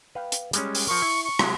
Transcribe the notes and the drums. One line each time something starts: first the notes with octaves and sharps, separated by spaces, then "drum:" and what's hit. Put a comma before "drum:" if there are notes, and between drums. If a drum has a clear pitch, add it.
B4 F5 G5
drum: hi-hat
G3 G#3 C#4, drum: hi-hat
drum: open hi-hat
F3 A#4 C#6
E4
C#6
C3 F#3 G#3, drum: rim click